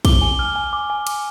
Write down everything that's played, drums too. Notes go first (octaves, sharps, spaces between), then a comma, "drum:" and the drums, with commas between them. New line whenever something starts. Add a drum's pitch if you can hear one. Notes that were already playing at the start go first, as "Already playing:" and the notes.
D6 G7, drum: kick, cymbal
G#5
F6
G#5
D6
G#5
D6, drum: cymbal